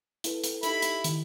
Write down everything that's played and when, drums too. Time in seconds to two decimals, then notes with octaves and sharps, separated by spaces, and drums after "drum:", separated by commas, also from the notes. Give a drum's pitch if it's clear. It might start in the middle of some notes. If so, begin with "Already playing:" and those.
0.24 E4 A4 B4, drum: hi-hat
0.44 drum: hi-hat
0.63 D#4 E4 G4 A4 B5, drum: hi-hat
0.82 drum: hi-hat
1.04 D#3 E4, drum: hi-hat